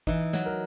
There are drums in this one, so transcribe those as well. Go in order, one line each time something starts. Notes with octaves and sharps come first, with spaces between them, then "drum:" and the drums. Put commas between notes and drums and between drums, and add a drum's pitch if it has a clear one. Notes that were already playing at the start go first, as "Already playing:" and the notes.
E3 D#4, drum: kick
F#3, drum: snare
A#4